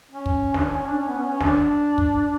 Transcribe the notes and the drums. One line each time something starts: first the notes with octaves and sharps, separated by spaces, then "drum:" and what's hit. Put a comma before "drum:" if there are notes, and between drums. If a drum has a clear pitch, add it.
C#4
drum: kick
D4, drum: snare
C#4
C#4
D4
C#4
B3
C#4
C#4
D4, drum: snare
drum: kick